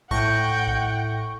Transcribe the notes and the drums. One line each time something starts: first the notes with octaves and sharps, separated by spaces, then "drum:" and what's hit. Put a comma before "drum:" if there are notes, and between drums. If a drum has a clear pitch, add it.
A2 F#5 G5 C#6 A#6, drum: kick
drum: kick